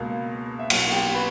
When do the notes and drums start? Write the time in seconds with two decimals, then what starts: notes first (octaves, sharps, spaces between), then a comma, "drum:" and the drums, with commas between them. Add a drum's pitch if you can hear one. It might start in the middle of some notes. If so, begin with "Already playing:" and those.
Already playing: C#2 B2 A#3
0.59 E5
0.70 B1 B2 F#3 A#3 F#4 F#5, drum: cymbal
0.92 G4 G5
1.14 B4 B5